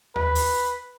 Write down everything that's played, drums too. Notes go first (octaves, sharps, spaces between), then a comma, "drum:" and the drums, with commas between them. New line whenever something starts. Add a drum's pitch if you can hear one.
B4, drum: tom D#2
drum: open hi-hat